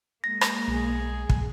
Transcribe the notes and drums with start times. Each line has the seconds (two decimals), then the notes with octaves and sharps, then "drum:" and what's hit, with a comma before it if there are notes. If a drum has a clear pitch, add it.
0.24 G#3 A#3 A#6
0.41 drum: rim click
0.68 B1 G#4
1.29 drum: kick